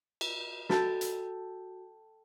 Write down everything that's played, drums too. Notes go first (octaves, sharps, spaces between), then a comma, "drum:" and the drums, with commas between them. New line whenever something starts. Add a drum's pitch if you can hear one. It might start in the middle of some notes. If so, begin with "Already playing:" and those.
drum: cymbal
F#4 A4 G5 A5, drum: snare
drum: hi-hat